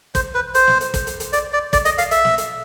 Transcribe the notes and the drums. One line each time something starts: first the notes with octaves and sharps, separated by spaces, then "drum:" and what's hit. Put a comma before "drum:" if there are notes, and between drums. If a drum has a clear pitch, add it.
C5, drum: kick, hi-hat
B4
C5, drum: hi-hat
drum: snare
drum: hi-hat
drum: kick, hi-hat
drum: hi-hat
drum: hi-hat
D5, drum: hi-hat
D5
D5, drum: kick, hi-hat
D#5, drum: hi-hat
F5, drum: hi-hat
E5, drum: hi-hat
drum: snare
drum: hi-hat